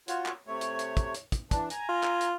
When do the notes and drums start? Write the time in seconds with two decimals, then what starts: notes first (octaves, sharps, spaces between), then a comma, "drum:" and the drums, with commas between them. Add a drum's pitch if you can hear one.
0.08 F4 F#4 C#5, drum: hi-hat
0.26 drum: clap
0.47 C3 A3 C#5
0.61 drum: hi-hat
0.79 drum: hi-hat
0.97 drum: kick, hi-hat
1.14 drum: hi-hat
1.32 drum: kick, hi-hat
1.51 E3 D4, drum: kick, hi-hat
1.70 G#5 A#5, drum: hi-hat
1.89 F4
2.03 drum: clap
2.21 drum: hi-hat